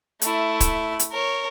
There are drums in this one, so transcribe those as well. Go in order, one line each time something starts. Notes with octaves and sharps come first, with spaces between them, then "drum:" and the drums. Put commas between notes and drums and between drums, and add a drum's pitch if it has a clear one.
A3 E4, drum: hi-hat
drum: kick, hi-hat
drum: hi-hat
A#4 C#5